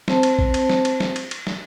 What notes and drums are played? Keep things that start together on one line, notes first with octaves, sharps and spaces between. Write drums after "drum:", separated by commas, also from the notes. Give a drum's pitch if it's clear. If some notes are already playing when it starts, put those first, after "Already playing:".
C4 C5 A5, drum: snare
drum: cymbal
drum: kick A#1
drum: cymbal
drum: snare
drum: cymbal
drum: snare
drum: cymbal
drum: cymbal
drum: snare